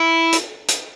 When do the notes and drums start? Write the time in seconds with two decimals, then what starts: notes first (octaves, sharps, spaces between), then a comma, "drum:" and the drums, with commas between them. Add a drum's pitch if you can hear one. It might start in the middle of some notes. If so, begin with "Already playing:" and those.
Already playing: E4
0.32 drum: hi-hat
0.68 drum: hi-hat